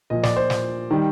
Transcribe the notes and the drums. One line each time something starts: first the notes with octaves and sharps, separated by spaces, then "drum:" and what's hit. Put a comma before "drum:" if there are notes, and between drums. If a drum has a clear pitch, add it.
A#2 F3 D#5
D5, drum: snare
C5
drum: snare
D#3 G3